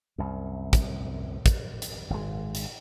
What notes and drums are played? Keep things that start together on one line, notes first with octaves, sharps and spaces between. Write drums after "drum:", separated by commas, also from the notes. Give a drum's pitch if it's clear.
C2 F#2
drum: kick, hi-hat
drum: kick, hi-hat
drum: hi-hat
G#1 G#3
drum: hi-hat